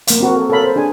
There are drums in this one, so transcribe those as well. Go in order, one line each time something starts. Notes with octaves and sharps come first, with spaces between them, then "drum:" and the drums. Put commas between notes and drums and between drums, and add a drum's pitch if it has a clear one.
A#3 F5, drum: hi-hat
C4 F#4 A#4
A4
A4 A#4 C#5 F5 B5
C5
D4 G#4 G#5